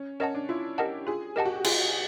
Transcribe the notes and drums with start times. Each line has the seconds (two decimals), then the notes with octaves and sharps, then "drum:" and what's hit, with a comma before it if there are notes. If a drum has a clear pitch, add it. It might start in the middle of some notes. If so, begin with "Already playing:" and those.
Already playing: C#4
0.20 C#4 A#4 D#5 F#5 A5
0.35 D4
0.49 E4 F4
0.78 G4 A#4 D#5 F#5 A5
1.07 F4 G#4
1.36 G4 A#4 D#5 F#5 A5
1.46 F#4
1.56 G4
1.64 F4 G#4, drum: cymbal